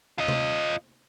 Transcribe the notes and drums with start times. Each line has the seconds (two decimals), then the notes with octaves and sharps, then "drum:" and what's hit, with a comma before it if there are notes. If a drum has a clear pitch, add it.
0.18 F4 D#5
0.28 drum: tom C3